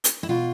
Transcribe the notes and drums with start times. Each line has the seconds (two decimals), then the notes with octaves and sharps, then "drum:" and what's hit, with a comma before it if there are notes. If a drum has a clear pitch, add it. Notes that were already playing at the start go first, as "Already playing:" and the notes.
0.04 drum: hi-hat
0.23 E4
0.29 B2 F4